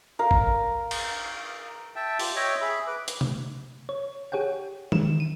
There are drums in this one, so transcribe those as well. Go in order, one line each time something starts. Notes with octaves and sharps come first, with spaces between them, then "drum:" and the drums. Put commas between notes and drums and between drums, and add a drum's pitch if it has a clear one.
A#4 F5
drum: kick
drum: cymbal
E5 G5 A5
F4 G4, drum: open hi-hat
C#5 D#5 E5 G5
G#4 E5 B5
B4 D6
drum: hi-hat
drum: tom C3
C#5
G4 G#4 C#5 F#5 G5
D#3 G#3 E7, drum: tom E3
D#7